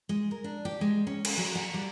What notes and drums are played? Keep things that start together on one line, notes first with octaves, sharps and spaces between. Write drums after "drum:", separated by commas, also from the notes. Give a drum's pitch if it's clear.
G#3
A#4
D4
G4
G#3
C#4
drum: cymbal
F#3
F#5
G3